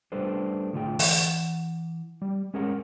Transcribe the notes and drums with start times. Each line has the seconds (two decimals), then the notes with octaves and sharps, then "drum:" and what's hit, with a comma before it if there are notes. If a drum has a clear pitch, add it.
0.12 G3 A3 D4 A4 B4 C5
0.73 A2 D3 A3 F4 G#4 G5
0.99 E3 F#5, drum: open hi-hat
2.22 G3
2.54 G#3 C#4 G#4 A#4 C#5 F#5